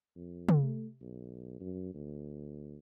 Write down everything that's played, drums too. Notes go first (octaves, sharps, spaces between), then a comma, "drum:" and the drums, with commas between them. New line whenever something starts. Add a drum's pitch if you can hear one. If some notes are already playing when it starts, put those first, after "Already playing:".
F2
drum: tom
A3
B1
F#2
D2